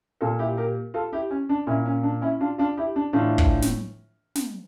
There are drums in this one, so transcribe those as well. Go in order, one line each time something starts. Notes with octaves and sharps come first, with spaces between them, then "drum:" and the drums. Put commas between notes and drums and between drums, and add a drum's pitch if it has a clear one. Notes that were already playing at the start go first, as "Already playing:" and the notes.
A#2 F4 A4
E4 G4
G4 A#4
F4 A4
E4 G4
C#4
D4
A#2 C#4 E4
C#4
D4
C#4 E4
D4 F4
D4 F4
E4 G4
D4
A2 E3 D4 F4
drum: kick
drum: snare
drum: snare